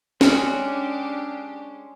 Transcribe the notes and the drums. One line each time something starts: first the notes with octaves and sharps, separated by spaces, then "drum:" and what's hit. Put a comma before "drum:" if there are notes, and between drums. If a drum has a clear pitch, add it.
G#3 C#4 D4 F#4 G4, drum: snare